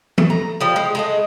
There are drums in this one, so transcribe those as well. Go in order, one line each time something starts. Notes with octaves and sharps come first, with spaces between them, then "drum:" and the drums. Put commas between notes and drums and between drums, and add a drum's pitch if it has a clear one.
A3, drum: tom
A#5
F3 G3
G#3
G#3 A3 D#5